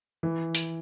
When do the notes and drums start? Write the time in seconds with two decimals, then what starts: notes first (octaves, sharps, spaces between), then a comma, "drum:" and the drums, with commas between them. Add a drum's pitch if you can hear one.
0.23 E3
0.55 drum: hi-hat